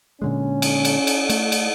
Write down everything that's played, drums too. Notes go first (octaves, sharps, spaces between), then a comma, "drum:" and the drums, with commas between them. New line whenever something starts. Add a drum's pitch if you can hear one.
A#2 D3 G#3 C#4
drum: cymbal
drum: cymbal
drum: cymbal
A3, drum: cymbal
drum: cymbal